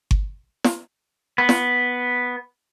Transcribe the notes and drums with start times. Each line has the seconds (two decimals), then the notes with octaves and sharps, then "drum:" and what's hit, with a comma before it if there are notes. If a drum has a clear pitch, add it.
0.11 drum: kick G1
0.64 drum: snare
1.38 B3
1.49 drum: snare